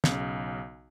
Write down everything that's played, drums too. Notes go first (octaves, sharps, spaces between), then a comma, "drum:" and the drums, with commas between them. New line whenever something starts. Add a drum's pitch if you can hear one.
B1 C#3, drum: snare